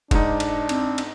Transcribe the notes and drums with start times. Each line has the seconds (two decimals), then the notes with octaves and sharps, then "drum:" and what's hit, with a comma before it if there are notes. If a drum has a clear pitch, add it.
0.11 G#2 D4 D#4, drum: kick E1, cymbal
0.40 drum: cymbal
0.69 C4, drum: cymbal
0.98 drum: cymbal